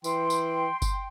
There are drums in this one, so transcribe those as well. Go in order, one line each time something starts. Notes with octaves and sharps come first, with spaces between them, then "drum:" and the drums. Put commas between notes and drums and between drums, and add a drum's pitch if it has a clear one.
E3 G5 C6, drum: tambourine
drum: tambourine
drum: kick G1, tambourine